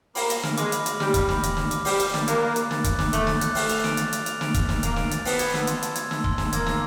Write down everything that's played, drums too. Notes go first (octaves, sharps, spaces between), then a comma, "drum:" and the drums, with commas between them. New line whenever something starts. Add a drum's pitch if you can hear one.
A#3 B5, drum: open hi-hat
A#6, drum: hi-hat
F6, drum: snare
G#3 D6, drum: hi-hat
B5, drum: hi-hat
A#6, drum: hi-hat
G3 F6, drum: snare
D6, drum: kick, hi-hat
B5, drum: snare
A#6, drum: hi-hat
F6, drum: snare
D6, drum: hi-hat
G3 D6, drum: open hi-hat
D6, drum: hi-hat
A6, drum: snare
A#3 F#6, drum: hi-hat
D6
D6, drum: hi-hat
A6, drum: snare
F#6, drum: kick, hi-hat
D6, drum: snare
A3 D6, drum: hi-hat
A6, drum: snare
F#6, drum: hi-hat
A3 F6, drum: open hi-hat
F7, drum: hi-hat
D7, drum: snare
A6, drum: hi-hat
F6, drum: hi-hat
F7, drum: hi-hat
D7, drum: snare
A6, drum: kick, hi-hat
F6, drum: snare
A#3 F7, drum: hi-hat
D7, drum: snare
A6, drum: hi-hat
B3 A5, drum: open hi-hat
G#6, drum: hi-hat
E6, drum: snare
C6, drum: hi-hat
A5, drum: hi-hat
G#6, drum: hi-hat
E6, drum: snare
C6, drum: kick
A5, drum: snare
A#3 G#6, drum: hi-hat
E6, drum: snare